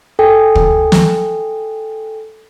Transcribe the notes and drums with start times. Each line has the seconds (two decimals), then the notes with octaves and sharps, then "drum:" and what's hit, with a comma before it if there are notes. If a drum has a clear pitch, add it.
0.19 A4 G5 G#5
0.55 drum: kick
0.92 drum: snare